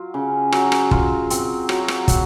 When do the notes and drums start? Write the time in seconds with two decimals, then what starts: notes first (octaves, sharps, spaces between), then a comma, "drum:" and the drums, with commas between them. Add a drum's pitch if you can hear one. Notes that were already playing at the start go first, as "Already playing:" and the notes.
Already playing: F#3 F4
0.14 C#3
0.52 F#3, drum: rim click
0.72 drum: rim click
0.91 F4, drum: kick
1.30 C4, drum: hi-hat
1.69 F#3, drum: rim click
1.88 drum: rim click
2.08 F#3, drum: kick, hi-hat